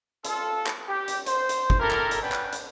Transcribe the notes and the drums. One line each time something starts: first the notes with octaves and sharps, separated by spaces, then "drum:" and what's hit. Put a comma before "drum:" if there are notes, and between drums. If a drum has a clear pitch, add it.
F4 A4, drum: hi-hat
drum: clap
G4
drum: hi-hat
C5, drum: hi-hat
drum: hi-hat
drum: kick
E4 G4 A4 A#4
drum: clap
drum: hi-hat
B3 C#4 D4 B4 G5
drum: clap
drum: hi-hat